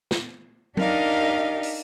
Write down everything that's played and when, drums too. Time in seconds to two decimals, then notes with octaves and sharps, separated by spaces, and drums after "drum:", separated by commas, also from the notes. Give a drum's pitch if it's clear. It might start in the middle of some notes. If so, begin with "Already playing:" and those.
0.11 drum: snare
0.77 D4 D#4 G4 A#4 D#5 F5, drum: tom F#3
1.63 drum: open hi-hat